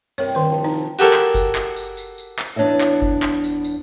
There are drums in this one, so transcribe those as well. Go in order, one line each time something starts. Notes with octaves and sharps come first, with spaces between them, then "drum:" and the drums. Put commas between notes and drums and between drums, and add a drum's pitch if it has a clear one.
G2 C3 A#4 C#5
D#3 C5
F3
D#4
F#4 G4 A4 A#4 C#5
drum: clap
drum: kick F#1, tambourine
drum: clap
drum: tambourine
drum: tambourine
drum: tambourine
drum: clap
E2 B3 D4 C#5 D#5 E5
drum: clap
drum: kick F#1
drum: clap
drum: tambourine
drum: tambourine